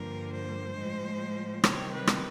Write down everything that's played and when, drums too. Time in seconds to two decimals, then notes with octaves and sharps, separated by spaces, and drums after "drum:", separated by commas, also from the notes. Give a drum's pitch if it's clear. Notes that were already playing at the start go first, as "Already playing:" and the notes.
Already playing: G2 D3 F3 A#3 A#4
0.32 C5
0.76 A2 F3 G#3
1.64 C3 D#3 G3 C4 C#5, drum: rim click
1.93 B4
2.07 drum: rim click